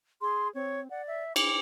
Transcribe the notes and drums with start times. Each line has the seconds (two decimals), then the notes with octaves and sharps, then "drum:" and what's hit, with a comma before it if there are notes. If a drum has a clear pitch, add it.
0.21 G#4 C6
0.55 C4 C#5
0.90 D5 F#5
1.08 E5
1.36 E4 D6, drum: cymbal